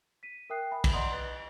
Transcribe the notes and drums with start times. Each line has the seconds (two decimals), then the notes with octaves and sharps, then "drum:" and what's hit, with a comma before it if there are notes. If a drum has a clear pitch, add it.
0.23 B6 D#7
0.50 A#4 E5 G5 D#6 F#6 C7
0.71 E5 G#5 B5
0.84 drum: kick, cymbal
0.93 D5 D#5 F#5 A#5 C6 D#6
1.12 B4 D#5 F#6 A6 G7